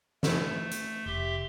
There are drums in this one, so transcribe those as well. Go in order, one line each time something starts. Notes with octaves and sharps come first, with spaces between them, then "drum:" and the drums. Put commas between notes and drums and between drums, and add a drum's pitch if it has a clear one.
A3, drum: snare
drum: hi-hat
F1 G4 E5 C6